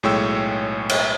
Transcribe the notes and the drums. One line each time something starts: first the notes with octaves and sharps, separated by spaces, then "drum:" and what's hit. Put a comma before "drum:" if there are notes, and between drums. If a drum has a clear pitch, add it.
B1 A2 G#3 C#5 G5 E6
drum: cymbal